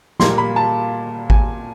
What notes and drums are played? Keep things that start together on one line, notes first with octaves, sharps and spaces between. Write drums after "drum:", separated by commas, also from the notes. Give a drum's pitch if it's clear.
A#2 G3 A#3 C6, drum: snare
B5
A5
G#5, drum: kick G#1